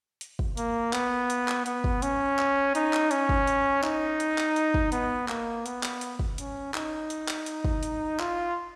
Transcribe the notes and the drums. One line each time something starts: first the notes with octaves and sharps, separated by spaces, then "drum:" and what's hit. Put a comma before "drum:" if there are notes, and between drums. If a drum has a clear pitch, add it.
drum: hi-hat
drum: kick
A#3, drum: hi-hat
B3, drum: clap
drum: hi-hat
drum: clap
B3, drum: hi-hat
drum: kick
C#4, drum: hi-hat
drum: clap
D#4, drum: hi-hat
drum: clap
C#4, drum: hi-hat
drum: kick
drum: hi-hat
D#4, drum: clap
drum: hi-hat
drum: clap
drum: hi-hat
drum: kick
B3, drum: hi-hat
A#3, drum: clap
B3, drum: hi-hat
drum: clap
drum: hi-hat
drum: kick
C#4, drum: hi-hat
D#4, drum: clap
drum: hi-hat
drum: clap
drum: hi-hat
drum: kick
drum: hi-hat
F4, drum: clap